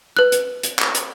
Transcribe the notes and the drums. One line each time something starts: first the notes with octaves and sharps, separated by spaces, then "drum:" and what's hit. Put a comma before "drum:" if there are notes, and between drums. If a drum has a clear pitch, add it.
B4 F#6
drum: hi-hat
drum: hi-hat
drum: clap
drum: hi-hat